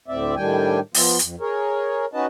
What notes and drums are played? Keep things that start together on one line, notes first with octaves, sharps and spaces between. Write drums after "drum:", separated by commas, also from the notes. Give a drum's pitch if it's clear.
D2 A2 C4 D5 E5
A2 D#3 G3 D4 G5 G#5
F3 B3 F4, drum: open hi-hat
F2, drum: hi-hat
G#4 A#4 C#5
C#4 D#4 F#4 B4 D#5 A5